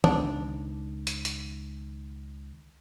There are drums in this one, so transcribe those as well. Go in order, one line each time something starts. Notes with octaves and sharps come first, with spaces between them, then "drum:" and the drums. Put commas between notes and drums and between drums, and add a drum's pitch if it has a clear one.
C#2 D#3 D4, drum: tom
drum: hi-hat
drum: hi-hat